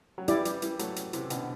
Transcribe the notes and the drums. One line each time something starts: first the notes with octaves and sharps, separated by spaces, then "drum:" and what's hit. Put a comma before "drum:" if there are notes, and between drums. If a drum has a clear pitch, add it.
F#3
E3 G3 E4 G4 D5, drum: hi-hat
E3 G3, drum: hi-hat
E3 G3, drum: hi-hat
F#3 A3, drum: hi-hat
drum: hi-hat
C3 E3, drum: hi-hat
B2 D3, drum: hi-hat